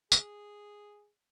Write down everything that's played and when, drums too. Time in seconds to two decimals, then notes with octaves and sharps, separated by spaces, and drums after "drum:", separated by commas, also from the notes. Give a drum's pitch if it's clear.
0.12 G#4, drum: tambourine